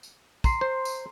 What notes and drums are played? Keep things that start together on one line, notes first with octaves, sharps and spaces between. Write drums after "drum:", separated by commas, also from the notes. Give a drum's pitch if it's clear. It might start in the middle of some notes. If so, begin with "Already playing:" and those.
drum: tambourine
A#5 C6 C7, drum: kick, tambourine
C5
drum: tambourine